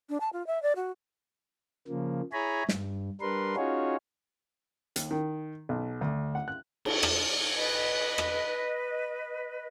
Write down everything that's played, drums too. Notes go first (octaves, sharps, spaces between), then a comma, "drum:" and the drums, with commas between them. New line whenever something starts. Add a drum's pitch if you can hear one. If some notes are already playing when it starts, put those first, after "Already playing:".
D4
A5
F4
E5
D5
F#4
C#3 F3 A#3
E4 G#4 C#5 G#5 A#5 B5
G2, drum: snare
G3 D4 A#4 B4 C6
C#4 D#4 F4 F#4 G#4 C#5
D#2, drum: hi-hat
D#3
B1
D2
F#5
F#6
drum: cymbal
drum: rim click
B4 D#5
drum: rim click